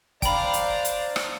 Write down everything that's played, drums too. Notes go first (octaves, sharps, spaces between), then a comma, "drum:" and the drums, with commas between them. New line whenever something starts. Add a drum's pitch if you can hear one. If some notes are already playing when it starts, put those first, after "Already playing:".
D4 C5 D5 F5 G5 A#5 B5, drum: kick, hi-hat
drum: hi-hat
drum: hi-hat
drum: rim click